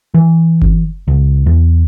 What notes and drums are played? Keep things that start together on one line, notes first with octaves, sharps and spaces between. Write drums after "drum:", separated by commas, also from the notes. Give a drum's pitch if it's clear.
E3
drum: kick F#1
C#2
E2